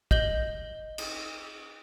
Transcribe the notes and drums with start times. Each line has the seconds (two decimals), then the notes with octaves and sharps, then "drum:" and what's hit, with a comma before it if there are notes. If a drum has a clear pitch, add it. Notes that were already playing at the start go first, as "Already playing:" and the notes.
0.11 D#5 G6 F#7 G7, drum: kick
0.98 drum: cymbal